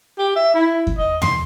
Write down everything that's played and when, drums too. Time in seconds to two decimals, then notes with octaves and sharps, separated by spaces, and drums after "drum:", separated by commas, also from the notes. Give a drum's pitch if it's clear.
0.19 G4
0.36 E5
0.54 E4
0.87 drum: kick E2
0.98 D#5
1.22 C6, drum: tom E2